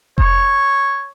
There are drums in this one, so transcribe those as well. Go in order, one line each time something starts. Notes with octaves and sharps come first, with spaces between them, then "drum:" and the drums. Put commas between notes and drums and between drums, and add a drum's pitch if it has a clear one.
C#5, drum: kick F1